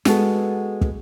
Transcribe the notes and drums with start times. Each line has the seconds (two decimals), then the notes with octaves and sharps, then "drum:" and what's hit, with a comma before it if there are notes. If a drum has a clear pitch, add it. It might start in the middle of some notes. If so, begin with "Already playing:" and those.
0.05 G#3 B3 F#4 A4, drum: snare
0.81 drum: kick